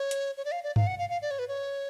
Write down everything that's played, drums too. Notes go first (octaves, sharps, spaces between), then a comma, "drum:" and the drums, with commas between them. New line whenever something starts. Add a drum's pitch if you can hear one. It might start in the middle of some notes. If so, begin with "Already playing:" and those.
Already playing: C#5
drum: hi-hat
C#5
D5
F5
D5
F5, drum: tom G2
F#5
F5
F5
D5
C#5
B4
C#5